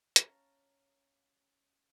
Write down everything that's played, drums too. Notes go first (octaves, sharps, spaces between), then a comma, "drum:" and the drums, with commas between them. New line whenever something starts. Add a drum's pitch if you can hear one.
C#4 F5 A5 A#5, drum: hi-hat